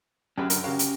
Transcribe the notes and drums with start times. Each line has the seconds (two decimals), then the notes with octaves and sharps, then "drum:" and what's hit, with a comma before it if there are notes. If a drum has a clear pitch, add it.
0.38 F#2 C#3 C#4 G4 B4
0.50 D3 A#4, drum: hi-hat
0.64 C#3 F#4 G4 A#4 C#5 F5
0.79 drum: hi-hat